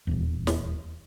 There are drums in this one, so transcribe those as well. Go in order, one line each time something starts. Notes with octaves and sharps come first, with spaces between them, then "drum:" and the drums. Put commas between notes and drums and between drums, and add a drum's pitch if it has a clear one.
D#1 G#1 E2
drum: snare